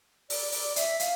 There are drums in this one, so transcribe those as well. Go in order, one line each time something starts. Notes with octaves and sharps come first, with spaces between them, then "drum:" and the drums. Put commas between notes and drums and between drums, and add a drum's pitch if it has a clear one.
D5, drum: open hi-hat
D5, drum: open hi-hat
E5, drum: hi-hat
F5, drum: hi-hat